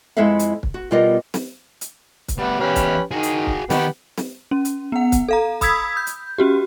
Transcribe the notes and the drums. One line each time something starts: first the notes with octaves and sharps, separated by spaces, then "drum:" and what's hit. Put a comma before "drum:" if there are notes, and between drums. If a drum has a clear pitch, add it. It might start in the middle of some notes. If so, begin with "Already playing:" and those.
F2 G#3 E4 A4 E5 F5
drum: hi-hat
drum: kick
F#4
B2 G3 F4 A#4 D#5
drum: snare
drum: hi-hat
drum: kick, hi-hat
G3 A3 B3
E2 C#4 G4 B4 F5
drum: kick, hi-hat
D#3 F#4 G#4
drum: hi-hat
drum: kick
D#3 B3 G4, drum: snare
drum: snare
C#4
drum: hi-hat
B3 F#5
drum: kick, hi-hat
A4 F5 A#5
B5 D#6 E6 G#6 B6, drum: kick, hi-hat
G6
drum: hi-hat
C#4 F#4 G4